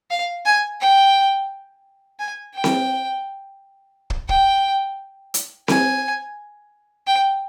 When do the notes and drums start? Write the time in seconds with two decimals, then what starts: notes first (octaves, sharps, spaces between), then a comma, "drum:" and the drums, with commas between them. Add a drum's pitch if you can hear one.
0.10 F5
0.46 G#5
0.81 G5
2.19 G#5
2.55 G5
2.64 drum: snare C4
4.10 drum: kick
4.29 G5, drum: kick
5.34 drum: hi-hat
5.68 G#5, drum: snare C4
7.07 G5